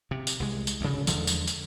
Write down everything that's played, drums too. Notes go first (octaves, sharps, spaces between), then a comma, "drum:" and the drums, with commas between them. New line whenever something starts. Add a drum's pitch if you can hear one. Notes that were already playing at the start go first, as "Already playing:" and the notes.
C3
drum: tambourine
C2 G#3
drum: tambourine
D2 C#3
E2 D3 F3 G#3, drum: tambourine
drum: tambourine
drum: tambourine